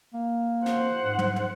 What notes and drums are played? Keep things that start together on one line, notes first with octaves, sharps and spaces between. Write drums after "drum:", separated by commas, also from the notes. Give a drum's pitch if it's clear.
A#3
C5 F#5, drum: snare
G#2
drum: tom
drum: tom